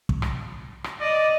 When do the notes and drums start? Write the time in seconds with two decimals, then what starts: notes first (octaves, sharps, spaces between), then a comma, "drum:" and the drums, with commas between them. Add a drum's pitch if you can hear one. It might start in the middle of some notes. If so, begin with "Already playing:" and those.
0.09 drum: kick
0.22 drum: rim click
0.84 drum: rim click
1.01 D5 D#5